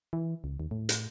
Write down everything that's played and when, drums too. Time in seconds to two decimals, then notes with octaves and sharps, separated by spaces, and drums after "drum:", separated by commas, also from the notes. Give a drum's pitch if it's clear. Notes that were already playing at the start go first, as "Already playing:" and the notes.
0.13 E3
0.44 C#2
0.60 D#2
0.71 A2
0.89 drum: hi-hat